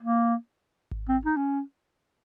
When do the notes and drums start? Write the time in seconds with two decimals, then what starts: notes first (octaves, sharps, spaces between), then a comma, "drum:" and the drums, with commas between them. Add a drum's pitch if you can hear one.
0.02 A#3
0.91 drum: kick G#1
1.09 C4
1.25 D#4
1.36 C#4